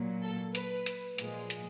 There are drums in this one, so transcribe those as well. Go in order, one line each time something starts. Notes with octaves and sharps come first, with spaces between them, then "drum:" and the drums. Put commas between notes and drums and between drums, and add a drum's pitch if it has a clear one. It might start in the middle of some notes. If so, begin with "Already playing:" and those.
Already playing: A#2 F#3
A4
B4, drum: hi-hat
drum: hi-hat
A#2 F3 G#3, drum: hi-hat
drum: hi-hat